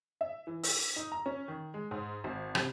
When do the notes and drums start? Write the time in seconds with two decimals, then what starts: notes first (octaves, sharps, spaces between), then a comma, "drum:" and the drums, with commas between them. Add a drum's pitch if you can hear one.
0.21 E5
0.47 E3
0.63 E6, drum: open hi-hat
0.96 D#4
1.12 A#5
1.26 C#4
1.48 D#3
1.74 G#3
1.91 G#2
2.24 G#1
2.55 C3, drum: rim click